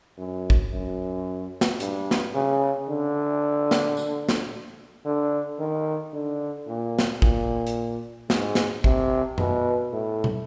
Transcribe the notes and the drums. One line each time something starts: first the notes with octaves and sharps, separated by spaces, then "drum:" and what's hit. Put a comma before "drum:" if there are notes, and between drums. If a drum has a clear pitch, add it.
F#2
drum: kick
F#2
drum: snare
G2, drum: hi-hat
drum: snare
C#3
D3
drum: snare
drum: tambourine
drum: snare
D3
D#3
D3
A#2
drum: snare
A#2, drum: kick
drum: hi-hat
G#2, drum: snare
drum: snare
C3, drum: kick
B2, drum: tom F#2
A2
drum: tom